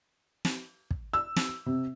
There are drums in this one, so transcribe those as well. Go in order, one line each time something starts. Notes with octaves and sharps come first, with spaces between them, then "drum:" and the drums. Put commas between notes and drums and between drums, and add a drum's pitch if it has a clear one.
drum: snare
drum: kick
E6
drum: snare
C3